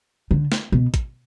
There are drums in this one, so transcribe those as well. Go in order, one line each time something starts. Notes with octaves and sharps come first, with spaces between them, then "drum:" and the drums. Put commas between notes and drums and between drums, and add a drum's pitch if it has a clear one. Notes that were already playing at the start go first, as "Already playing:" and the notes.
D3
drum: snare
B2
drum: kick, hi-hat